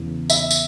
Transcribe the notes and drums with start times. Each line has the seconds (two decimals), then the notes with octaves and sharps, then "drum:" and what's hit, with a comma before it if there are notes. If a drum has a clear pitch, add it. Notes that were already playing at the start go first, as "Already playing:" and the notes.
Already playing: E2 C#3 E3
0.30 E5, drum: tambourine
0.51 drum: tambourine